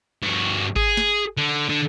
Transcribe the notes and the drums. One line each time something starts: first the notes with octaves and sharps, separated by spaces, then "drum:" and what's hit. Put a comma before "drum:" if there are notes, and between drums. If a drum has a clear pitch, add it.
G2 F#4
G#4, drum: kick G#1
drum: snare
D3
D3